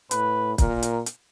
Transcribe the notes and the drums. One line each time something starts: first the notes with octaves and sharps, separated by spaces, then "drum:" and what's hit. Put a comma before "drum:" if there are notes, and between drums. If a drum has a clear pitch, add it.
A2 B4, drum: hi-hat
A#2 A#4, drum: kick, hi-hat
drum: hi-hat
drum: hi-hat